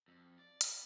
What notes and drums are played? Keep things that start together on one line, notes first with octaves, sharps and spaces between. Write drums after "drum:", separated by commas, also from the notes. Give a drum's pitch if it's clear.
F2
D5
B3, drum: hi-hat